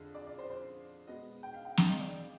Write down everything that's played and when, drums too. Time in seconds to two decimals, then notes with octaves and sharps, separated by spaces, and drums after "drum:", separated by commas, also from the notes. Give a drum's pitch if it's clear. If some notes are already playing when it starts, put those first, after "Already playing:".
Already playing: F2 D3 G#3
0.15 D5
0.27 D5
0.38 C5
0.50 C5
1.07 B2 G#3 B3 D#5
1.43 G5
1.54 F5
1.65 G5
1.77 G5, drum: snare
1.89 D#5
2.00 D5